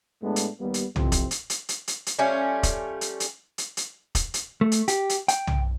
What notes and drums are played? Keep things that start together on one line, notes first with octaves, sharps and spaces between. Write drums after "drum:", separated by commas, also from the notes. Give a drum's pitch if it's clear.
A2 G#3 A3 B3 D4
drum: hi-hat
D#2 G3 A#3 B3
drum: hi-hat
F2 C3 E3 F3 C4, drum: tom
drum: kick, hi-hat
drum: hi-hat
drum: hi-hat
drum: hi-hat
drum: hi-hat
drum: hi-hat
G3 A3 C#4 F4
drum: kick, hi-hat
drum: hi-hat
drum: hi-hat
drum: hi-hat
drum: hi-hat
drum: kick, hi-hat
drum: hi-hat
A3
drum: hi-hat
G4, drum: hi-hat
drum: hi-hat
G5, drum: hi-hat
drum: tom